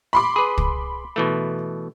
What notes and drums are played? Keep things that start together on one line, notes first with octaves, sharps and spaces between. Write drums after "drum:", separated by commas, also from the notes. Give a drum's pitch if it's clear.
B5 C6 D6
G#4 B4
drum: kick
B2 E3 A3